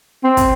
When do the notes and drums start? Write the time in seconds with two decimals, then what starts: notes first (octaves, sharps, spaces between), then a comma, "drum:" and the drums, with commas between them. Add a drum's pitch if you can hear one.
0.24 C4
0.37 drum: kick, hi-hat